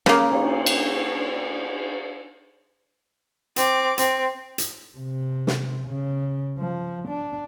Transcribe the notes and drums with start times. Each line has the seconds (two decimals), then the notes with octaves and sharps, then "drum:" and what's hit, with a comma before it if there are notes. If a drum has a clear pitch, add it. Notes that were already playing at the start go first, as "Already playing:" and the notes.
0.06 C#3 A#3, drum: snare
0.32 drum: cymbal
0.66 drum: cymbal
3.56 C4 D6, drum: hi-hat
3.98 C4, drum: hi-hat
4.58 drum: hi-hat
4.97 C3
5.47 drum: snare
5.88 C#3
6.58 F3
7.09 D4